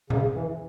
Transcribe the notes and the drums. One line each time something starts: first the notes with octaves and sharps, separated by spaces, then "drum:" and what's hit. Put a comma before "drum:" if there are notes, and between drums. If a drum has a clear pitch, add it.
C#3, drum: tom A#2
E3